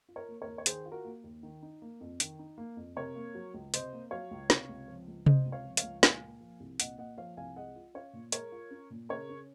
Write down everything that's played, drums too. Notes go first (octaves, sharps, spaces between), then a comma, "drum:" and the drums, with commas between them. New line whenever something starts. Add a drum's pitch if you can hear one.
F4
A#4 C#5
A#3
A#4 C#5
D#2
C#5
D#3 G#4 C5, drum: hi-hat
F4
F#4 A#4
A#3
D#2
D#3
D#4
A#3
F2
D#3, drum: hi-hat
D#4
A#3
F2
C3 A#4 C#5
A#3
F#3
C#2
C3 C5 D#5, drum: hi-hat
A#3
F#3 C#5 F5
C#2
C3, drum: snare
C#2
F3
C#2
C3 C5 D#5, drum: tom C3
C#2
C#5 F5
F3
C#5 F5, drum: hi-hat
C#2
A#2 F5 G#5, drum: snare
A#3
F3
C2
A#2 D#5 F#5, drum: hi-hat
A#3 D#5 F#5
F3 C#5 F5
C2 F5 G#5
G#3 D#5 F#5
F4
C#4 C#5 F5
A#2
G#3 A#4 C#5, drum: hi-hat
F4
C#4
A#2
C#3 A#4 C#5
C#4